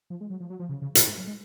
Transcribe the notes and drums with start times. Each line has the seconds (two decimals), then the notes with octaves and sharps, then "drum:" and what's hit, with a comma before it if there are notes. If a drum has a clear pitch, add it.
0.10 F3
0.21 G#3
0.30 F#3
0.40 F3
0.50 F#3
0.59 F3
0.69 C#3
0.82 C#3
0.95 A#2, drum: hi-hat
1.08 G#2
1.18 F#3
1.27 G#3